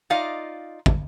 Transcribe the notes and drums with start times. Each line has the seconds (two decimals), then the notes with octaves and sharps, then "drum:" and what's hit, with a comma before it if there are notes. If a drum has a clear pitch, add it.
0.10 D#4 F4 D5 D#5 F5
0.86 drum: kick